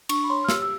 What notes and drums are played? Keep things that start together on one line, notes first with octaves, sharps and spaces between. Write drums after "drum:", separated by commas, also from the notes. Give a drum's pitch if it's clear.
D4 C#6, drum: cymbal
B5
C#5 C6
F6
G4 E6, drum: snare
E6